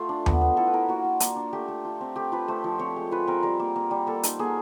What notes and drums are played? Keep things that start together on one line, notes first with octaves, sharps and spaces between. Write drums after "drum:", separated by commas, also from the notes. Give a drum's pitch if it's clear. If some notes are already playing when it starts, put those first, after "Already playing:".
Already playing: A3 F4
D4
B3, drum: tom D#2
B3
E4 A4
B4
E4 A#4
A#3 F#4
F4
A#3, drum: hi-hat
D4
A3 G4
A3
F4
C4
A3 G4
F4 B4
A3 C5
F3
C4 C#5
G#3
F4 B4
C4 A#4
G3 A#4
A#3
A#3
G3
A#3 A4
D#4, drum: hi-hat
A#3 G#4